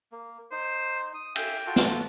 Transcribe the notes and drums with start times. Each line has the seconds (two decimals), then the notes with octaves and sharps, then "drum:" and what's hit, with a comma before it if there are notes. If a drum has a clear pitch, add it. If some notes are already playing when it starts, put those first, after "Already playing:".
0.12 A#3
0.52 D#4 C5
1.15 D#6
1.36 E5 F5 G5 G#5, drum: cymbal
1.67 F4 F#4 A4
1.76 drum: snare